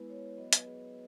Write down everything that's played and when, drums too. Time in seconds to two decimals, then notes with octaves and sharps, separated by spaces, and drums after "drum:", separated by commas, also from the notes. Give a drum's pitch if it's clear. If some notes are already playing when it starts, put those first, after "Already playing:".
Already playing: G#3 B3 E4 B4
0.10 C#5
0.38 F#3 B3 F#4 D#5
0.53 B4, drum: hi-hat
0.66 G#4